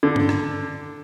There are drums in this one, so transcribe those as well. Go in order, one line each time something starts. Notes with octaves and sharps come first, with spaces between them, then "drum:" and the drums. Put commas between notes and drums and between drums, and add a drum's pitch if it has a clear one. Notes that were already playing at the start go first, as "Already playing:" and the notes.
D3
drum: tom G2
drum: rim click